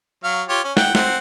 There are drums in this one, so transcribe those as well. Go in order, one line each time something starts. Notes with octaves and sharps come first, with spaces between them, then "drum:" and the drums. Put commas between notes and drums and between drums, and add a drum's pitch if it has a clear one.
F#3 F5
F4 G4 C#5
C#4
F#5 G5, drum: snare
C4 F#5, drum: snare